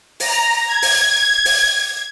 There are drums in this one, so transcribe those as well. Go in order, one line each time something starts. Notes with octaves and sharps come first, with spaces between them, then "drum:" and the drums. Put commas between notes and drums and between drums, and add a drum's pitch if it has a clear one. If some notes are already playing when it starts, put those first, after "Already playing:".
A#5, drum: open hi-hat
G#6
drum: open hi-hat
drum: open hi-hat